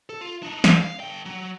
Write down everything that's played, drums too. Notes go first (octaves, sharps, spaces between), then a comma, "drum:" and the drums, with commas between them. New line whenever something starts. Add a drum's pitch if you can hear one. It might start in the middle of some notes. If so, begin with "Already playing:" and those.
A4
F4
D4 D#4
drum: snare
F5
D3 G5
F#3